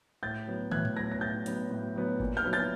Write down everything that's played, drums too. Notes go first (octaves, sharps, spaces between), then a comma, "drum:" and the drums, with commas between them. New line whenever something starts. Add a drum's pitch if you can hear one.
A2 G6 A6
F#3 B3
A2 F#6 G#6, drum: tom
drum: tom A2
F#3 B3 G#6 A#6
A#6
A2 G6 A6
F#3 B3, drum: hi-hat
A2
F#3 B3
A#2, drum: kick G1
F6 G6
F#3 B3
G6 A6